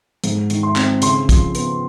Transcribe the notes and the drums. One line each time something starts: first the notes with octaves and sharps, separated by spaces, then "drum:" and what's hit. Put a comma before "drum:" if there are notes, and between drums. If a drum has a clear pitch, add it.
G#2, drum: hi-hat
D#3, drum: hi-hat
C6
C4, drum: clap
C#3 C6, drum: hi-hat
F3, drum: kick, hi-hat
B3, drum: hi-hat